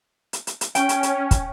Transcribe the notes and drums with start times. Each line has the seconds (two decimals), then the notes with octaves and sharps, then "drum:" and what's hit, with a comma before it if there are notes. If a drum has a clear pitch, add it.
0.33 drum: hi-hat
0.47 drum: hi-hat
0.61 drum: hi-hat
0.75 C#4 G5, drum: hi-hat
0.89 drum: hi-hat
1.03 drum: hi-hat
1.31 drum: kick, hi-hat